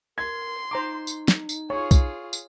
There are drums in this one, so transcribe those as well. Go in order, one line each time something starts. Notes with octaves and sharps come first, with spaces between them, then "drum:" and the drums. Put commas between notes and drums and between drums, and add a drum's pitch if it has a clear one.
A#4 C6 G#6
D#4 C5 A#5 D6
drum: tambourine
drum: snare
drum: tambourine
F4 G#4 C#5 C#6
drum: kick, tambourine
drum: tambourine